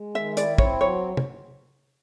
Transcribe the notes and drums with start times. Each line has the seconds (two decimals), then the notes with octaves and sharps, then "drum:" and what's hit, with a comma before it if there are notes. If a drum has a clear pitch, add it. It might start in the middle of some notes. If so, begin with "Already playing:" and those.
Already playing: G#3
0.14 D#3 E5
0.37 E4 D5, drum: hi-hat
0.58 C4 C#5, drum: kick
0.81 F#3 C#5
1.17 drum: tom